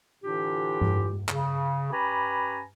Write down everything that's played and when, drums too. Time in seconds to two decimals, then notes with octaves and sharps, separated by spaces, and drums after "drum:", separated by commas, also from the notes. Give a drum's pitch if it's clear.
0.23 A2 D3 E3 D4 F4 G4
0.81 drum: tom G2
1.29 C#3, drum: clap
1.92 C#4 G4 B4 G#5 A#5 B5